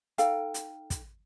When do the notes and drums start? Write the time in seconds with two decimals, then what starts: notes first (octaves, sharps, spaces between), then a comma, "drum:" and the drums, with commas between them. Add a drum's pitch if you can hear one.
0.18 D#4 A4 F5 G5, drum: hi-hat
0.54 drum: hi-hat
0.90 drum: kick, hi-hat